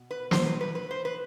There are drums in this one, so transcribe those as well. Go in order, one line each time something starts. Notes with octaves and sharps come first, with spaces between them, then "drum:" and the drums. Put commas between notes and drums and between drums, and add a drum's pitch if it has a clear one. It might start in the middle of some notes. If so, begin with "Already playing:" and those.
Already playing: B2
B4
C5, drum: snare
B4
B4
B4
C5
B4